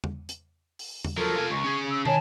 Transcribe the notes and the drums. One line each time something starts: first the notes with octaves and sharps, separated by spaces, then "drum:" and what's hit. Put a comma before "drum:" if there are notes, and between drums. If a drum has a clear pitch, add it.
drum: tom
drum: hi-hat
drum: open hi-hat
drum: tom
F3 F#3 A4 A#4
F4 G#5
C#2 C#6
C#4 G#4
E6
D#3 C#5 G#5 A5, drum: tom